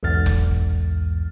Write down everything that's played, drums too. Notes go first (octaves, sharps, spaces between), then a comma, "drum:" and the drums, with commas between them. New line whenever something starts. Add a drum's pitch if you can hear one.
B1 E2 G#2 F6 A6
drum: kick F1